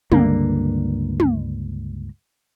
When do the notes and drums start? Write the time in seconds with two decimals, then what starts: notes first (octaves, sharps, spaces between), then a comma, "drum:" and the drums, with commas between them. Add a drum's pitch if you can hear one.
0.12 C#2 G2 D3 A#3, drum: tom
1.20 drum: tom